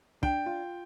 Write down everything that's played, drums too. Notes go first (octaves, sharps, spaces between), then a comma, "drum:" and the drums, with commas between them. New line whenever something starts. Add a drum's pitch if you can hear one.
D4 G5, drum: kick
F4